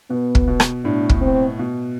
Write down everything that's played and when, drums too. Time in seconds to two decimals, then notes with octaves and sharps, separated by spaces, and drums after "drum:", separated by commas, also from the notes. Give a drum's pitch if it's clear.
0.10 B2 B3
0.35 drum: kick
0.47 B2
0.60 drum: rim click
0.84 A2 D4
1.09 drum: kick
1.21 C4
1.59 B2